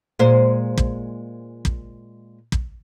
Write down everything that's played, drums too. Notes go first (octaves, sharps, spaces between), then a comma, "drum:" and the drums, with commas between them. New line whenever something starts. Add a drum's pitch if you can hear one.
A#2 G#3 C5
drum: kick
drum: kick
drum: kick